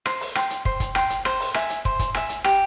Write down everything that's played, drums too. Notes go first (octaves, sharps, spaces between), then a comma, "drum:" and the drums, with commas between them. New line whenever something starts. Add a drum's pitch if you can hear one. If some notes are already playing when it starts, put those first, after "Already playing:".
C5, drum: rim click
drum: open hi-hat
G5 C6, drum: rim click
drum: hi-hat
C5, drum: kick
drum: kick, hi-hat
G5 C6, drum: rim click
drum: hi-hat
C5, drum: rim click
drum: open hi-hat
E5 G#5, drum: rim click
drum: hi-hat
C5, drum: kick
drum: kick, hi-hat
E5 G#5, drum: rim click
drum: hi-hat
G4, drum: rim click